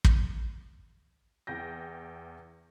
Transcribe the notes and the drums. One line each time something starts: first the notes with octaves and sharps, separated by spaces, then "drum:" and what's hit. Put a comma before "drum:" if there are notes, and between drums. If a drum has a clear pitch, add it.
drum: kick
E2 G5 G6 A#6